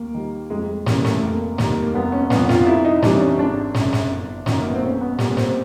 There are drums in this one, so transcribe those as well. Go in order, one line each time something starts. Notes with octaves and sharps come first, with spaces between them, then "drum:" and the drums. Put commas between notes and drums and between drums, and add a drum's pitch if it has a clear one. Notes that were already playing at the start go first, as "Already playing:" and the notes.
Already playing: D#2 A#3
D#3 G3
F2 G#3
G#3
C#3 E3 G3 A#3, drum: snare
A3, drum: snare
F1 A#3
D#2 D#3 G3, drum: snare
A#3
F1 B3
C#4
F2 D3 B3, drum: snare
F4, drum: snare
C2 E4
D#4
C3 E3 G3 D4, drum: snare
C#4
G#1 D4
C#3, drum: snare
F#2
drum: snare
G1
F#2 D#3 F#3, drum: snare
A#3
B3
C4
B1 C#4
B3
A#2 G3 A#3, drum: snare
C4, drum: snare